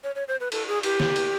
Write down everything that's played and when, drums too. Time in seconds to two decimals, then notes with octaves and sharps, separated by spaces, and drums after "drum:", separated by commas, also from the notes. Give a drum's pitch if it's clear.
0.04 C#5
0.15 C#5
0.28 C5
0.40 B4
0.52 A4, drum: cymbal
0.68 G#4
0.83 G4, drum: cymbal
1.00 drum: snare
1.16 drum: cymbal